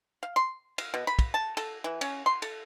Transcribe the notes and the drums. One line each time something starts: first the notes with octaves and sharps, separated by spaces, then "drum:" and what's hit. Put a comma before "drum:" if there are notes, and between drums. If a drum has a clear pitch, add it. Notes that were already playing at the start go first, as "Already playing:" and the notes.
F5
C6
F5, drum: cymbal
B2
B5
drum: kick, cymbal
A5
A4, drum: cymbal
E3
C#4, drum: cymbal
C6
A4, drum: cymbal